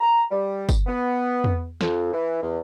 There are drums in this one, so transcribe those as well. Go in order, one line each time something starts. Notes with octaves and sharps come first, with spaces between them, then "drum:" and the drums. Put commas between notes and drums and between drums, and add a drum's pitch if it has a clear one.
A#5
G3
drum: kick G1, tambourine
B3
drum: tom E2
F2, drum: snare
E3
E2